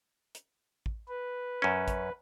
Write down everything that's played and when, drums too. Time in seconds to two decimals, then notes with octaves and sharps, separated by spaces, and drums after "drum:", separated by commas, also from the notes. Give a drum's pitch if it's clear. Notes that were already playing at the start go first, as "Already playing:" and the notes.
0.35 drum: hi-hat
0.86 drum: kick A1
1.08 B4
1.62 F#2 C#4
1.88 drum: kick A1, hi-hat